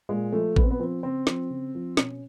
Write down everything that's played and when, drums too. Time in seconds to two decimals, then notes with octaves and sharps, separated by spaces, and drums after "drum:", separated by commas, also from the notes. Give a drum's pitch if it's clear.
0.09 A#2 G#3
0.32 F3 A3
0.56 A#2 B3, drum: kick A1
0.63 C4
0.71 B3
0.79 F3 C4
1.03 C#3 C4
1.27 F3, drum: snare
1.50 C#3
1.75 F3
1.97 B2 C#4, drum: snare